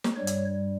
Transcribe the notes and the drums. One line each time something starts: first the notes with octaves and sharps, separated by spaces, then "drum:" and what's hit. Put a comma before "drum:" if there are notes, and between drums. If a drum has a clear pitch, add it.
drum: snare
G2 G3 C#5
drum: hi-hat